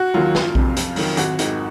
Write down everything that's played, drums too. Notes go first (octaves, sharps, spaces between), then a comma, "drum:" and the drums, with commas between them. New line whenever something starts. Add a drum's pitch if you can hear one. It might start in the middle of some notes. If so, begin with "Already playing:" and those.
Already playing: F#4
D#2 D#3 F#3 F4
F#1, drum: snare
F2 C3, drum: kick A#1
F2, drum: hi-hat
D#3 F#3, drum: open hi-hat
G#1 F#4, drum: hi-hat
G#2 D#3, drum: hi-hat